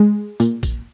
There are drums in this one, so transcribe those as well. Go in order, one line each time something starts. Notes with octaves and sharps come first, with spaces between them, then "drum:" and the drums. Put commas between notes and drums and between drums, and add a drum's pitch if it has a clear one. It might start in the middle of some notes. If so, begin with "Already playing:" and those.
Already playing: G#3
A#2, drum: tambourine
drum: kick A#1, tambourine